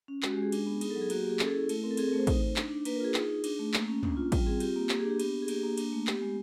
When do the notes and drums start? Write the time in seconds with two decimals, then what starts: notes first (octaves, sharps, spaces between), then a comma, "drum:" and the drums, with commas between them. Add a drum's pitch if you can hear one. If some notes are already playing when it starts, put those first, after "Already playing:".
0.08 C#4
0.23 G#3 F#4, drum: clap
0.32 G4
0.37 G#3
0.42 G#4
0.52 D4, drum: cymbal
0.66 B3
0.81 D#4 G#4, drum: cymbal
0.90 A4
0.95 F#3
1.01 G#4
1.10 A#3 F#4, drum: cymbal
1.20 G4
1.25 A#3 G#4
1.39 C#4 A4, drum: clap
1.48 G#4
1.54 E4 A4
1.69 A3, drum: cymbal
1.84 C4 A#4
1.91 A4
1.97 C4 G#4, drum: cymbal
2.07 A#4
2.13 A3 C5
2.27 D#4, drum: kick, cymbal
2.42 D#4
2.56 D4, drum: clap
2.71 D4
2.85 A#3 B4, drum: cymbal
2.96 A#4
3.00 F4 G#4
3.14 D#4 G#4, drum: clap
3.29 D#4
3.44 D4, drum: cymbal
3.59 A3
3.74 A#3, drum: clap
3.88 C#4
4.03 D4, drum: tom
4.17 F4
4.32 G3, drum: kick, cymbal
4.46 C4 G#4
4.60 F4 G4, drum: cymbal
4.76 A#3
4.89 A#3 G4, drum: clap
4.99 G#4
5.04 D4
5.09 G4
5.19 B3, drum: cymbal
5.34 D4
5.42 G#4
5.48 A#3 G4, drum: cymbal
5.63 A#3
5.78 D4, drum: cymbal
5.92 A3
6.07 B3 G4, drum: clap
6.22 G#3